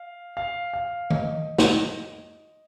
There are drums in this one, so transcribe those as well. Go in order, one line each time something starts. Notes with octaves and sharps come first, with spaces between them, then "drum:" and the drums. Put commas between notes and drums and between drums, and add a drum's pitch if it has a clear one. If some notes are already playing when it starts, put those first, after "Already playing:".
Already playing: F5
F5
F5
D#5, drum: tom D#3
drum: snare